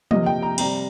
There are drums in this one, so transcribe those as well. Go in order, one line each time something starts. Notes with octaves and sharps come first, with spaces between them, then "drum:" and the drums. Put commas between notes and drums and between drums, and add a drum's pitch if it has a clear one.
C3 F3 A#3 D#5, drum: tom
G5
A#5
C3 G3 C4 A#5, drum: cymbal